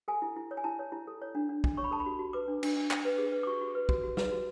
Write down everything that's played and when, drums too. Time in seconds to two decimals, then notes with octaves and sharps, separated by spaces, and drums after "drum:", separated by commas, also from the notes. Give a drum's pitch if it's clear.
0.08 A4 G#5
0.22 E4
0.36 E4
0.51 C#5
0.57 G#5
0.64 E4 A5
0.79 C#5
0.92 E4
1.07 A4
1.22 C#5
1.35 D4
1.49 D4
1.64 D4, drum: kick
1.77 C#5 C#6
1.84 B5
1.91 A4 A5
2.00 B5
2.06 F#4
2.19 F#4
2.33 B4 D6
2.48 D4
2.63 D4, drum: cymbal
2.76 D4
2.91 D4, drum: clap
3.05 B4
3.18 G#4
3.32 B4
3.43 D6
3.47 F#4 C#6
3.61 F#4
3.75 B4
3.89 F#4, drum: kick
4.03 F#4
4.17 B4, drum: snare
4.31 F#4